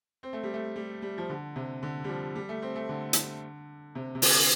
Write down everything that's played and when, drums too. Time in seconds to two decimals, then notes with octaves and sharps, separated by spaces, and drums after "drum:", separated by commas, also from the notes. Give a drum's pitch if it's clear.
0.23 C4
0.33 A3
0.43 G3
0.54 A3
0.76 G3
1.02 G3
1.18 F3
1.29 D3
1.56 C3
1.83 D3
2.04 G3
2.09 F3
2.35 G3
2.49 A3
2.62 C4
2.75 A3
2.89 D3
3.13 drum: hi-hat
3.95 C3
4.15 C3
4.22 D3, drum: open hi-hat